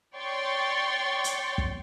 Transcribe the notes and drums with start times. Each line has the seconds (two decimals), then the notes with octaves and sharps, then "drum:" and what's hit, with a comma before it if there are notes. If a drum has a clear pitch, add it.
0.17 C#5 D5 G5 C6 C#6 A6
1.24 drum: hi-hat
1.58 drum: kick